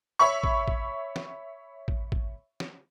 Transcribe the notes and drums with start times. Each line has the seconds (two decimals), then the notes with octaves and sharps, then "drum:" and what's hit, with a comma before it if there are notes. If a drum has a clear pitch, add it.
0.19 C#5 E5 B5 C#6
0.44 drum: kick A1
0.68 drum: kick A1
1.16 drum: snare
1.88 drum: kick A1
2.12 drum: kick A1
2.60 drum: snare